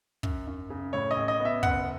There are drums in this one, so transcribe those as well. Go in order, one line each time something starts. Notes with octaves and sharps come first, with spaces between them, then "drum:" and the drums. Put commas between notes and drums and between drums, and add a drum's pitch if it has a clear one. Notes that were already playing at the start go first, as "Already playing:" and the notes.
F#2, drum: kick
F#2
C#3
A2 C#5
D#5
A1
D#5
B3
E5
F#1 F#5, drum: kick